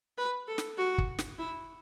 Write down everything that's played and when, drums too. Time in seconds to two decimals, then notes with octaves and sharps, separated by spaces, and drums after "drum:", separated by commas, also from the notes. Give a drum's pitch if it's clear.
0.18 B4
0.48 A4
0.58 drum: snare
0.78 F#4
0.98 drum: kick
1.19 drum: snare
1.39 E4